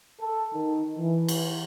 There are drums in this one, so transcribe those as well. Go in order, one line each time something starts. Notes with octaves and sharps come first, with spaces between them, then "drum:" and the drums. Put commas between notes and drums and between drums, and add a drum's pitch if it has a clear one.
A4
D#3
E3
drum: cymbal